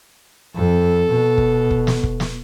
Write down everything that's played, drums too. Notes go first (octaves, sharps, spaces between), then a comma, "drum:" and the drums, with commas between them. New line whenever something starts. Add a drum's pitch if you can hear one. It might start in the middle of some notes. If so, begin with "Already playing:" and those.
F2 A4
B2
drum: kick
drum: kick
drum: snare
drum: kick
drum: snare